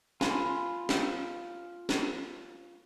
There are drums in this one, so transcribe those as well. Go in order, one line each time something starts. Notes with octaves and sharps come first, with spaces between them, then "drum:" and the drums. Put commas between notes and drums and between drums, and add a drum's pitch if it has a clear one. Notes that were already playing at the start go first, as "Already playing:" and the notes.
F4 G#5 B5 C6, drum: snare
drum: snare
drum: snare